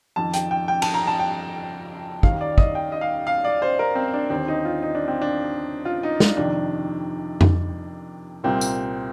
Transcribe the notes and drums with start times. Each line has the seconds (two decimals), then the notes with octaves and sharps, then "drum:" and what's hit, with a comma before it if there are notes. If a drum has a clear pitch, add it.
0.16 F2 D#3 A5
0.34 G5, drum: hi-hat
0.51 G5
0.68 G5
0.82 A5, drum: cymbal
0.94 A#5
1.07 A5
1.20 G5
2.23 D#2 D#3 F5, drum: kick
2.41 D5
2.58 D#5, drum: kick
2.75 G5
2.92 D#5
3.01 F5
3.27 F5
3.44 D5
3.62 C5
3.79 A#4
3.95 C4
4.14 D4
4.30 D#2 D3 C4
4.48 D#4
4.65 F4
4.82 D#4
4.95 D4
5.08 C4
5.21 D4
5.85 F4
6.03 D#4
6.20 D4, drum: snare
6.37 F2 C3 D#3 D4
7.41 drum: tom F2
8.44 C2 A#2 C4
8.61 drum: tambourine